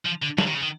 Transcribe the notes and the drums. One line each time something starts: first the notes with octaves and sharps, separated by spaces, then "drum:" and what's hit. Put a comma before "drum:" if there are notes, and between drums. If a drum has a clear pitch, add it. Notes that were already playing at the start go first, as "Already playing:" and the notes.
F3
D3
D3, drum: snare
D#3
C#3
D#3